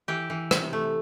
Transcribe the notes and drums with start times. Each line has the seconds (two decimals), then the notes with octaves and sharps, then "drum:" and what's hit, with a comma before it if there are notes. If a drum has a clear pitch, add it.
0.08 E3 G4
0.30 E3
0.51 C3, drum: rim click
0.73 A3